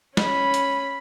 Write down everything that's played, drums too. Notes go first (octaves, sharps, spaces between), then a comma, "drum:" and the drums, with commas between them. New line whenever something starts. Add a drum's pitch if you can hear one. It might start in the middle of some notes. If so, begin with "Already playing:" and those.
C#4 B5, drum: snare
drum: hi-hat